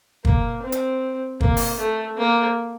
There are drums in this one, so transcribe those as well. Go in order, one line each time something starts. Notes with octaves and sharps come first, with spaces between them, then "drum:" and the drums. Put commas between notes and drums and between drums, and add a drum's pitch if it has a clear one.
A#3, drum: kick
C4
drum: hi-hat
A#3, drum: kick
drum: open hi-hat
A3
A#3